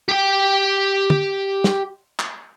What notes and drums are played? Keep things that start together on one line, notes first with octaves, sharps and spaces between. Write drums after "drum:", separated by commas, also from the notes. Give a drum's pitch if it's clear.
G4 G5
drum: tom
drum: snare
drum: clap